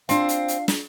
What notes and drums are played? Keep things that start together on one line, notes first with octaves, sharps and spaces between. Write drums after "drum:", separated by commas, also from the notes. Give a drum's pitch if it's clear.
C4 D4 F4 F5, drum: hi-hat
drum: hi-hat
drum: hi-hat
drum: snare